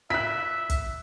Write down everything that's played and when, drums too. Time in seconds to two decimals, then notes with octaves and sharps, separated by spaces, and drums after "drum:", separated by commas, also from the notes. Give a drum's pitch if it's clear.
0.10 E5 F#6 B6
0.70 drum: kick, hi-hat